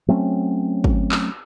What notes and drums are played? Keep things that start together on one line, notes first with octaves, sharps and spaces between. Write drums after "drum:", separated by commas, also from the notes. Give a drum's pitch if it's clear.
F#3 A3 C4 C#4
drum: kick
drum: clap